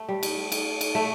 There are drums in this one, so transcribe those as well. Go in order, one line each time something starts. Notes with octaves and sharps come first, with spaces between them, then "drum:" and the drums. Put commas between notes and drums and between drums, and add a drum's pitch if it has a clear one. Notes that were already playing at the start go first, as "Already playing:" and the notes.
Already playing: A3
G3
drum: cymbal
drum: cymbal
drum: cymbal
A3